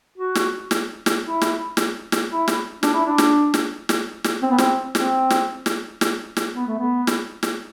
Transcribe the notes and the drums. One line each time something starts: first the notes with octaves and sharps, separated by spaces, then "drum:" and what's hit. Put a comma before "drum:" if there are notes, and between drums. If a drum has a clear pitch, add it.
F#4
drum: snare
drum: snare
drum: snare
E4
drum: snare
drum: snare
drum: snare
E4
drum: snare
D4, drum: snare
E4
D4
drum: snare
drum: snare
drum: snare
drum: snare
C4
B3
C4, drum: snare
C4, drum: snare
drum: snare
drum: snare
drum: snare
drum: snare
B3
A3
B3
drum: snare
drum: snare